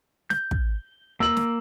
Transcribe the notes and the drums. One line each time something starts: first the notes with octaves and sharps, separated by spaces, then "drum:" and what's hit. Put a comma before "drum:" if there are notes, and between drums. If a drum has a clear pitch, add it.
G6, drum: snare
drum: kick
A#3 E6 F#7
drum: snare